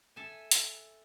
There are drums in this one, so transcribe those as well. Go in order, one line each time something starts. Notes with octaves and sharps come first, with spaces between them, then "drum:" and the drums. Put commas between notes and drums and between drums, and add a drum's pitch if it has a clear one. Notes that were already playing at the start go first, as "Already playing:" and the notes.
A4 E5 G#5
drum: hi-hat